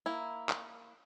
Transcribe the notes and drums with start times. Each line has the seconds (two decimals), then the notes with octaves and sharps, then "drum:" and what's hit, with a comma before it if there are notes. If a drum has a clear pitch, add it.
0.06 A#3 E4
0.49 drum: clap